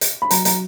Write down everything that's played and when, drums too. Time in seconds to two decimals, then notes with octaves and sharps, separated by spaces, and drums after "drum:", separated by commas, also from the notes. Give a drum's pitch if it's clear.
0.01 drum: hi-hat
0.22 B5
0.31 F#3 A#5, drum: hi-hat
0.45 F#3 A#5, drum: hi-hat